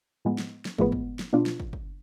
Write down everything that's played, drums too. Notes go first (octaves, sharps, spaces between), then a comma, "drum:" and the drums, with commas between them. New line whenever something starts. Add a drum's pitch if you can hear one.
A2 F3 G#3 B3
drum: snare
drum: snare
A2 F3 G#3 B3, drum: kick
drum: kick
drum: snare
B2 B3 D4 F4
drum: snare
drum: kick
drum: kick